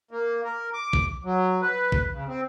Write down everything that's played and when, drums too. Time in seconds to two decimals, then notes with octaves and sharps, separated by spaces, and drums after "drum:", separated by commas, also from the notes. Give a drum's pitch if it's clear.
0.11 A#3
0.44 A#4
0.73 D6
0.93 drum: kick
1.24 F#3
1.62 B4
1.92 drum: kick
2.13 C#3
2.28 C4